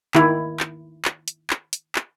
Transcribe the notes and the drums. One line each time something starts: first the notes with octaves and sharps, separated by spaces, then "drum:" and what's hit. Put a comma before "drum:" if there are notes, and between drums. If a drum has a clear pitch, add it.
D#3 E4, drum: clap
drum: clap
drum: clap
drum: hi-hat
drum: clap
drum: hi-hat
drum: clap